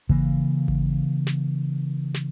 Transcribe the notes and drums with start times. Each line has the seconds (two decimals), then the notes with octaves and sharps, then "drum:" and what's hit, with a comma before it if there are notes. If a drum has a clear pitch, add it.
0.09 C#3 E3 A#3, drum: kick G#1
0.68 drum: kick G#1
1.27 drum: snare
2.14 drum: snare